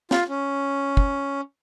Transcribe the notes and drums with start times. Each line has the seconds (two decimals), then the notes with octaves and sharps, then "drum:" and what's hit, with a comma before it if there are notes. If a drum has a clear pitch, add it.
0.11 F4, drum: snare
0.29 C#4
0.97 drum: kick